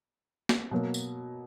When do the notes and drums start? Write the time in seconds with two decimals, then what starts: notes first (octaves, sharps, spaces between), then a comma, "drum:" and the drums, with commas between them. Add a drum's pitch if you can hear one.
0.49 drum: snare
0.71 B2 F#3 A#3
0.94 drum: tambourine